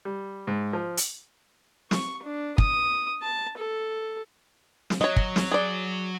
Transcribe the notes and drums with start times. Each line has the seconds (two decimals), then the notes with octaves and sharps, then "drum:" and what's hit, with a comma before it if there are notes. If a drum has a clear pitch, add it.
0.05 G3
0.47 G#2
0.73 F3
0.97 drum: hi-hat
1.91 C#6, drum: snare
2.23 D4
2.58 D#6, drum: kick
3.22 A5
3.58 A4
4.90 drum: snare
5.01 F#3 C#5 D#5
5.16 drum: kick
5.36 drum: snare
5.51 G#4 D5